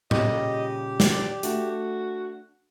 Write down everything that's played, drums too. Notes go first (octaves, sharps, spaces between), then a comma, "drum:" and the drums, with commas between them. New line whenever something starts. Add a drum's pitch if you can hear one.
A#2 C#3 G3 G4 D#5, drum: tom A2
D5, drum: snare
A3 D4 F#4 A4, drum: hi-hat